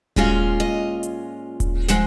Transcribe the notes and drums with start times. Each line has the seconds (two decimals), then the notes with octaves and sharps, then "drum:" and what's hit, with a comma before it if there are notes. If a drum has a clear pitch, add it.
0.16 A#2 G#3 C#4 F4 F#4, drum: kick D#1
0.60 D#5
1.03 drum: hi-hat
1.60 drum: kick D#1, hi-hat
1.88 F3 G#3 C4 F#5, drum: snare